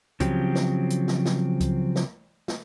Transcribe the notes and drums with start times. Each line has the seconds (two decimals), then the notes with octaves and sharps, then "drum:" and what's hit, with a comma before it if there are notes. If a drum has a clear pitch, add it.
0.20 C#3 F3 F#3 C4 G4, drum: kick C#2, hi-hat
0.55 drum: snare
0.90 drum: hi-hat
1.08 drum: snare
1.25 drum: snare
1.61 drum: kick C#2, hi-hat
1.96 drum: snare
2.48 drum: snare